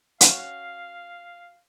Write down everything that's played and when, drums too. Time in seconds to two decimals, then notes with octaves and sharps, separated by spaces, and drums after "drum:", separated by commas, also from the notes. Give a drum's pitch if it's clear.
0.21 C#4 F#4 F5, drum: hi-hat